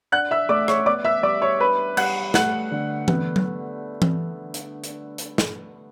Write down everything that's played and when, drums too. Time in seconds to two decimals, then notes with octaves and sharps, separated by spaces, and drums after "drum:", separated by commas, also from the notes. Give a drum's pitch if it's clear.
0.12 D4 F#5 F#6
0.31 E5 E6
0.49 A3 D5 D6
0.68 C#5 C#6, drum: rim click
0.86 B3 D5 D6
1.05 E5 E6
1.23 G3 D5 D6
1.42 C#5 C#6
1.60 D4 B4 B5
1.97 G3 F#5 F#6, drum: cymbal
2.34 A3 F#5 F#6, drum: snare
2.71 D3
3.08 B3, drum: tom E3
3.36 drum: tom F#3
4.02 drum: tom E3
4.54 drum: hi-hat
4.84 drum: hi-hat
5.18 drum: hi-hat
5.38 drum: snare